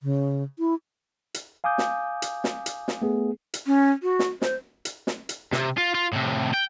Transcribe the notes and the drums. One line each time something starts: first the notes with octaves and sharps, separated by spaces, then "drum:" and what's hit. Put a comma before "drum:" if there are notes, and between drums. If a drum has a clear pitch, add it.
C#3
E4
drum: hi-hat
F5 G#5 D6 D#6 G6
drum: snare
drum: hi-hat
drum: snare
drum: hi-hat
drum: snare
A3 B3 G#4
drum: hi-hat
C#4
F#4
drum: snare
C5, drum: snare
drum: hi-hat
drum: snare
drum: hi-hat
C3, drum: snare
F4
F4
A2 C3
G5